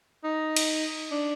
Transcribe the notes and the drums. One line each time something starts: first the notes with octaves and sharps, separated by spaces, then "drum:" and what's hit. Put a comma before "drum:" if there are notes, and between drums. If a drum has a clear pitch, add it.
D#4
drum: cymbal
D4